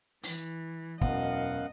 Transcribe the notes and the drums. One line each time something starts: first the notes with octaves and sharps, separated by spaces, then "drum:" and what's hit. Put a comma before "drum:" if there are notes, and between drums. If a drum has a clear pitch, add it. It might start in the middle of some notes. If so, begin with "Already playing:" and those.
E3, drum: open hi-hat
E1 F#2 D#5 F5 F#5, drum: kick